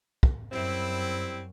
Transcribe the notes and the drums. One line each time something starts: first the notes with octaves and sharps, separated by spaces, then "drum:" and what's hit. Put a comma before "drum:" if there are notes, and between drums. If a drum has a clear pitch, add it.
drum: kick
F#2 G3 C4 E4